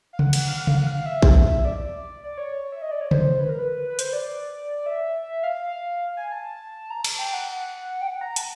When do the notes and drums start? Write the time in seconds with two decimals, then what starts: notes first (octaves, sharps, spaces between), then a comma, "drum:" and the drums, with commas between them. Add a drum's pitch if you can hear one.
0.13 F5
0.19 F#5, drum: tom C#3
0.33 F#5, drum: cymbal
0.48 F5
0.58 F#5
0.67 F5, drum: tom C#3
0.77 F#5
0.86 F5
1.06 E5
1.22 drum: kick A#1
1.65 D5
2.24 D5
2.38 C#5
2.72 E5
2.82 D#5
2.91 D5
3.01 C#5
3.11 C5, drum: tom C#3
3.40 B4
3.49 A#4
3.59 B4
3.90 B4
3.99 C5, drum: hi-hat
4.13 D5
4.86 E5
5.43 F5
6.17 G#5
6.32 A5
6.90 A#5
7.04 A5, drum: cymbal
7.19 G5
7.34 F#5
8.01 G5
8.07 F#5
8.21 A#5
8.36 A5, drum: hi-hat